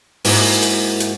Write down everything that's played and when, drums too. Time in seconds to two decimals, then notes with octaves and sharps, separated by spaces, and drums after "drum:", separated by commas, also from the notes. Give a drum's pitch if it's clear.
0.25 G#2 A#3 E4 F#4, drum: open hi-hat
0.62 drum: hi-hat
1.00 drum: hi-hat